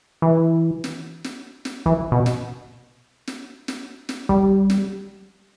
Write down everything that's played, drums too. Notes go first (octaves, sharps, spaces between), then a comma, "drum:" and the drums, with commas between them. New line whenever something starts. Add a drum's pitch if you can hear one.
E3
drum: snare
drum: snare
drum: snare
E3, drum: kick
B2
drum: snare
drum: snare
drum: snare
drum: snare
G3, drum: kick
drum: snare